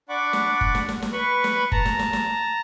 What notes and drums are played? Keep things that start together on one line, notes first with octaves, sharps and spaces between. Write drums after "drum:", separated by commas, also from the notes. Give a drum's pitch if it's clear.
D4 D5 F#5 B5 C#6 D6
drum: snare
drum: kick F#1
drum: snare
drum: snare
drum: snare
B4 B5 C#6
drum: snare
A5 A#5, drum: kick F#1
drum: snare
drum: snare
drum: snare